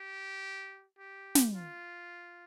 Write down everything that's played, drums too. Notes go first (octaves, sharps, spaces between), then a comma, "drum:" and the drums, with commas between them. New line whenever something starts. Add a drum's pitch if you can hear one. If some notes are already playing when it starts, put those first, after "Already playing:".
Already playing: G4
G4
drum: snare
F4